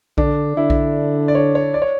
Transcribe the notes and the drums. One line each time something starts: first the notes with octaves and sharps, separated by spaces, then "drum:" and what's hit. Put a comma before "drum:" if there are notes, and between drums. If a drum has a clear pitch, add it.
D3 D4, drum: kick A#1
D3 E4
drum: kick A#1
D5
C#5
C#5
D5
C#5